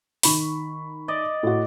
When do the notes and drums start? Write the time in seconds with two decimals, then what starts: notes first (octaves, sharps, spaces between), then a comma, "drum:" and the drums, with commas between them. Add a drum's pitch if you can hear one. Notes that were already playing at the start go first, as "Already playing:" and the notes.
0.23 D#3 B5 C#6, drum: open hi-hat
1.08 D5 D#5
1.43 A2 F#4